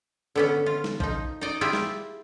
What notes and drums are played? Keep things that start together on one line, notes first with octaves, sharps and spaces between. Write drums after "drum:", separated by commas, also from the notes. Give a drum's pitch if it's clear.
D3 B3 C#4
F4
drum: snare
F3 D#4, drum: kick A#1
D#4 D5 D#5
E4 F4 G4 G#4 D5 E5
drum: snare